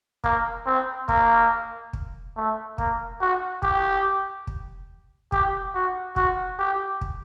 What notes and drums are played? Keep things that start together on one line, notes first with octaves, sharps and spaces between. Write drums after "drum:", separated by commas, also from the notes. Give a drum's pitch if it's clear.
A#3, drum: kick
C4
A#3, drum: kick
drum: kick
A3
A#3, drum: kick
F#4
G4, drum: kick
drum: kick
G4, drum: kick
F#4
F#4, drum: kick
G4
drum: kick